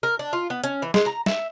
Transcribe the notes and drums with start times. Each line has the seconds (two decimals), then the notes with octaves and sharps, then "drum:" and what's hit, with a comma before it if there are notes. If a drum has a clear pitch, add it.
0.03 A#4
0.19 D4
0.33 F4
0.50 B3
0.64 C#4, drum: hi-hat
0.82 E3
0.94 G#3, drum: snare
1.06 A#5
1.26 E5, drum: snare